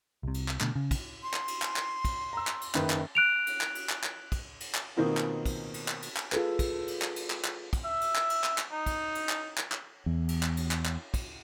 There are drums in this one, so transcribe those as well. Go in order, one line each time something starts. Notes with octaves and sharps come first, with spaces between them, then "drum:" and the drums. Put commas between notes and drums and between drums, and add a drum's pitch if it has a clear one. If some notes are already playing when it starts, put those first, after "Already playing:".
C2 C3
drum: cymbal
drum: clap
B2 D3 A3, drum: clap
C#3
drum: kick, cymbal
C6
drum: clap
drum: cymbal
drum: clap
drum: clap
drum: kick, cymbal
A#5 E6
drum: clap
drum: cymbal
F#1 D#3 B4, drum: clap
drum: clap
F#6 D7 F7
drum: cymbal
drum: clap
drum: cymbal
drum: clap
drum: clap
drum: kick, cymbal
drum: cymbal
drum: clap
B2 D#3 A#3 C4 F4
drum: clap
drum: kick, cymbal
drum: cymbal
drum: clap
drum: cymbal
drum: clap
F4 G#4 A4 B4, drum: clap
drum: kick, cymbal
drum: cymbal
drum: clap
drum: cymbal
drum: clap
drum: clap
drum: kick, cymbal
E5
drum: cymbal
drum: clap
drum: cymbal
drum: clap
drum: clap
D#4
drum: kick, cymbal
drum: cymbal
drum: clap
drum: clap
drum: clap
E2
drum: cymbal
drum: clap
drum: cymbal
drum: clap
drum: clap
drum: kick, cymbal